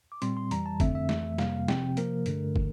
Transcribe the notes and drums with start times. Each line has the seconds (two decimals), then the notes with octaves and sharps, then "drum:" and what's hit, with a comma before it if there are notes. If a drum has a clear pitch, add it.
0.12 D6
0.22 A#2 G3 C4 C6, drum: hi-hat
0.37 C6
0.51 F2 E3 G3 A#5, drum: hi-hat
0.66 A5
0.80 F2 D3 A3 C4 E5, drum: kick, hi-hat
0.95 E5
1.09 F2 E3 A3, drum: snare
1.38 F2 C3 G3 A#3 F5, drum: snare
1.68 C3 F3 C4 G5, drum: snare
1.97 C3 F3 A#3 A#4, drum: hi-hat
2.26 G2 D3 A3, drum: hi-hat
2.56 drum: kick